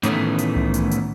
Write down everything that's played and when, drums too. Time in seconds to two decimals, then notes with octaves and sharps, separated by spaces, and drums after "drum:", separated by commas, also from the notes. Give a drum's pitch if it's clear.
0.03 A2 D#3 E3 A3 B3 C#4, drum: hi-hat
0.38 drum: hi-hat
0.56 drum: tom C2
0.74 drum: hi-hat
0.91 drum: hi-hat